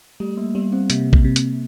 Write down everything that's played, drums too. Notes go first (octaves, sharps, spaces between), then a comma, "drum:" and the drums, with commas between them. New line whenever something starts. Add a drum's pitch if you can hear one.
G3 A3
A#3
G3 B3
C4
C3 A#3, drum: hi-hat
drum: kick A1
C3
drum: hi-hat